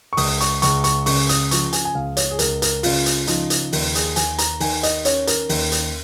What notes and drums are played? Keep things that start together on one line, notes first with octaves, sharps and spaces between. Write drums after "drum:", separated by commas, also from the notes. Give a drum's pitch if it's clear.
C#6
C#2 D#6, drum: open hi-hat
C#6, drum: hi-hat
C#2 C#6, drum: hi-hat
C#6, drum: hi-hat
C#3 C#6, drum: open hi-hat
D#6, drum: hi-hat
F3 C#6, drum: hi-hat
G#5, drum: hi-hat
G#5
C#2 F5
C#5, drum: hi-hat
G#4
C#2 A#4, drum: hi-hat
A#4, drum: hi-hat
C#3 F4, drum: open hi-hat
drum: hi-hat
F3 D#4, drum: hi-hat
drum: hi-hat
D#2, drum: open hi-hat
G#4, drum: hi-hat
D#2 G#5, drum: hi-hat
A#5, drum: hi-hat
D#3 G#5, drum: open hi-hat
D#5, drum: hi-hat
C#4 C#5, drum: hi-hat
A#4, drum: hi-hat
D#2, drum: open hi-hat
drum: hi-hat